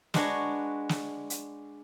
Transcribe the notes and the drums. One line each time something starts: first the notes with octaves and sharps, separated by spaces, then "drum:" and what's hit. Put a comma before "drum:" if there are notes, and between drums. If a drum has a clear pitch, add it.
G#3 D4 F#4 B4 C#5, drum: snare
drum: snare
drum: hi-hat